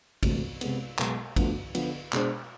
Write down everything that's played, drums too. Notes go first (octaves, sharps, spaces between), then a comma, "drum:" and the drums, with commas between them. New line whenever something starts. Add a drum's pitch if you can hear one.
E1 D2 C3, drum: kick, cymbal
C3 G#3 B3, drum: cymbal
B1 B2 G#3 B3, drum: clap
D2 D3 F3 B3, drum: kick, cymbal
D3 F3 B3, drum: cymbal
B2 G#3 D4 G#4 C5, drum: clap